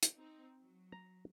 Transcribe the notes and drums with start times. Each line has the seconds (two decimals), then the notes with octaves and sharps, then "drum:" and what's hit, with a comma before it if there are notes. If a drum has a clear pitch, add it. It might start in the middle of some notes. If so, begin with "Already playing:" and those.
0.03 drum: hi-hat
0.16 C4 D#4
0.58 F#3
0.92 A#5